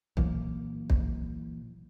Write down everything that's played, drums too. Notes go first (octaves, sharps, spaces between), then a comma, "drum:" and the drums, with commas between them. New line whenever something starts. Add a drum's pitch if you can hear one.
A#2 E3 F#3 A#3, drum: kick
drum: kick